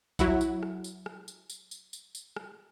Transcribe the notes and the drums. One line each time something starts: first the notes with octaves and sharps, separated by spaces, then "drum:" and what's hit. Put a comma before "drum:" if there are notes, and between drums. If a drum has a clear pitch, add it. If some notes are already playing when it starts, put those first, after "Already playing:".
F#3 E4 F#5, drum: kick A#1, tambourine
drum: tambourine
drum: rim click
drum: tambourine
drum: rim click
drum: tambourine
drum: tambourine
drum: tambourine
drum: tambourine
drum: tambourine
drum: rim click